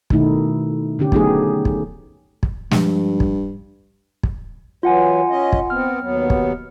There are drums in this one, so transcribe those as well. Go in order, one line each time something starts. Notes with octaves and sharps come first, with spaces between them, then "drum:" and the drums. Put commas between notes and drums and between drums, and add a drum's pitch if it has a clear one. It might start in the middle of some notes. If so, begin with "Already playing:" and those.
B2 D#3 A3 D#4 E4, drum: kick
D3 C#4 G4
F#3 A3 B3 D#4 G4 G#4, drum: kick
drum: kick
drum: kick
G2 F3 G#3, drum: snare
drum: kick
drum: kick
E3 F#3 F4 F#5 G#5
C#4 D#5
drum: kick
B3 C4 F6
D#2 F#3 B3
drum: kick